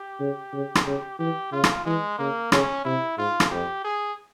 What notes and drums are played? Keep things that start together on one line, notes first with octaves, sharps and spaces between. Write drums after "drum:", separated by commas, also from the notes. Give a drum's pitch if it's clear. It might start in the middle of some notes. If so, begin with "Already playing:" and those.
Already playing: G4
C#3
C#3
drum: rim click
C#3
E3 G4
C#3 F4
drum: rim click
E3 G#3
C#3 A#3
C#3 C#4, drum: rim click
C3 E4
G#2 F4
drum: rim click
F2 G4
G#4